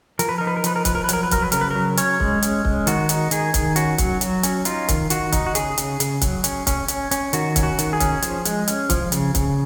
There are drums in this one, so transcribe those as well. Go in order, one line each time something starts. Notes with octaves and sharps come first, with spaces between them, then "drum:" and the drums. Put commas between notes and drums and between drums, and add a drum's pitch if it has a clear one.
F3 A#4, drum: hi-hat
B4
D#4 A#4
B4
A#4
F3 B4, drum: hi-hat
A#4
F3 B4, drum: kick C#1, hi-hat
A#4
B4
F#3 A#4, drum: hi-hat
B4
F#3 A#4, drum: kick C#1, hi-hat
B4
C#3 A#4, drum: hi-hat
B4
F#3 A#4
C#4 C#5, drum: hi-hat
G#3, drum: kick C#1
C#4, drum: hi-hat
G#3, drum: kick C#1
D#3 F#4, drum: hi-hat
D#4, drum: hi-hat
D#3 G#4, drum: hi-hat
D#3, drum: kick C#1, hi-hat
C#4 F#4, drum: hi-hat
F#3, drum: kick C#1, hi-hat
F#3, drum: hi-hat
C#4, drum: hi-hat
D#4 F4, drum: hi-hat
D#3, drum: kick C#1, hi-hat
D#3 F#4, drum: hi-hat
D#4, drum: kick C#1, hi-hat
F#4
C#3 G#4, drum: hi-hat
C#3, drum: hi-hat
C#3, drum: hi-hat
F#3, drum: kick C#1, hi-hat
C#4, drum: hi-hat
C#4, drum: kick C#1, hi-hat
C#4, drum: hi-hat
C#4, drum: hi-hat
D#3 F#4, drum: hi-hat
C#4, drum: kick C#1, hi-hat
F#4
D#3, drum: hi-hat
G#4
C#4, drum: kick C#1, hi-hat
F3, drum: hi-hat
G#3, drum: hi-hat
C#4, drum: hi-hat
F3, drum: kick C#1, hi-hat
C#3, drum: hi-hat
C#3, drum: kick C#1, hi-hat